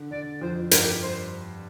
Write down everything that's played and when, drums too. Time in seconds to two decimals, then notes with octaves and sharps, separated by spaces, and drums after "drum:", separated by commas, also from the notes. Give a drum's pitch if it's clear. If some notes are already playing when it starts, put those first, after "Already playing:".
Already playing: D3
0.11 D3 D5
0.41 F2 F3 C5
0.71 G2 G3 A#4, drum: hi-hat
1.02 C5